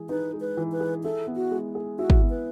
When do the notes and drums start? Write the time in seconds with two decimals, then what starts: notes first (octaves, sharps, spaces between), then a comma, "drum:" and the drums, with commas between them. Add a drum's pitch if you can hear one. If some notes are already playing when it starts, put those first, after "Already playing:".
Already playing: E3 G#3 G#4
0.09 D#4 B4
0.33 G#3
0.41 B4
0.57 E3
0.72 B4
0.80 G#4
1.04 E4 A4
1.27 B3
1.36 F#4
1.51 G#3
1.75 G#4
1.99 E4 F#4
2.10 drum: kick
2.22 B3
2.30 B4